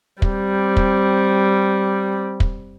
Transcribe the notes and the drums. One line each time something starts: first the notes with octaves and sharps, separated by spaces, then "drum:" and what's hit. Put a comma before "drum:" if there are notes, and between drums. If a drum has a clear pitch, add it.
G3 C4, drum: kick
drum: kick
drum: kick